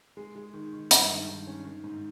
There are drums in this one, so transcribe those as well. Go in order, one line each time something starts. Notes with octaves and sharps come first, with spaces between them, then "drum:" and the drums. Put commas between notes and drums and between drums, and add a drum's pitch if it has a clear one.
G#3
G#3
D#3
D#3
G2, drum: hi-hat
D#3
D#3
C#4
D#3
G#2